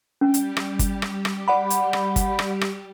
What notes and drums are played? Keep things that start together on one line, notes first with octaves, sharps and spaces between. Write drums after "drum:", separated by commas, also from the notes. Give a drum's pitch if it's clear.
G3 C#4 G4
drum: hi-hat
drum: rim click
drum: kick G1, hi-hat
drum: rim click
drum: rim click
G3 G4 D5 F#5 B5
drum: hi-hat
drum: rim click
drum: kick G1, hi-hat
drum: rim click
drum: rim click